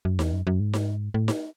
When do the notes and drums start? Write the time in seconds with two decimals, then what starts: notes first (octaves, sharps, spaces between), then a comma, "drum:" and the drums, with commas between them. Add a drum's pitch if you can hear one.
0.05 F#2
0.19 E2, drum: snare D#4
0.33 F#2
0.47 F#2
0.60 G#2
0.73 drum: snare D#4
1.14 A2
1.28 drum: snare D#4